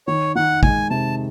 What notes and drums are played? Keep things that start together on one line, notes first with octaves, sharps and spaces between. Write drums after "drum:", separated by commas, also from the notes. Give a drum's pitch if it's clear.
D#3 C#5
D#3 F#5
G#3 G#5, drum: kick
C3 A5